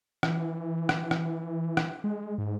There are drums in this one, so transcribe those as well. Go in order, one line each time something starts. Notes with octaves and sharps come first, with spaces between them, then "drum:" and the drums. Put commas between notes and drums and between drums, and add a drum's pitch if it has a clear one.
E3, drum: rim click
drum: rim click
drum: rim click
drum: rim click
G#3
G#2